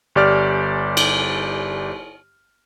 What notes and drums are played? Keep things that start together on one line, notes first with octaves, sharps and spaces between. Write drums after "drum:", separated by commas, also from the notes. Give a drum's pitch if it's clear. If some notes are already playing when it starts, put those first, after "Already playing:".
G1 G4 D5 F6
drum: cymbal